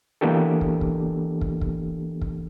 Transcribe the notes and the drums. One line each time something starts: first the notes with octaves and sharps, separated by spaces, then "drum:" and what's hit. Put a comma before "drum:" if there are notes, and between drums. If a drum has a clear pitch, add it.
E3 A#3 B3 D4 G4 A4
drum: kick
drum: kick
drum: kick
drum: kick
drum: kick